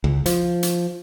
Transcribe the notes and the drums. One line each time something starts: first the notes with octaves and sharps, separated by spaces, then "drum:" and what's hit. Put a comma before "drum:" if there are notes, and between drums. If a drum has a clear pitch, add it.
C#2
F3, drum: hi-hat
drum: hi-hat